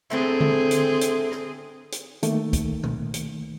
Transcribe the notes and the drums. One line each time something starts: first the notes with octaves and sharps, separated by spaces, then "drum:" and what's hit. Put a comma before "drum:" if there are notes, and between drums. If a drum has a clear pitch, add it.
A2 D3 C4 E4 G#4
drum: tom D3
drum: hi-hat
drum: hi-hat
drum: rim click
drum: hi-hat
D#3 A3 A#3, drum: hi-hat
drum: kick, hi-hat
drum: tom A#2
drum: hi-hat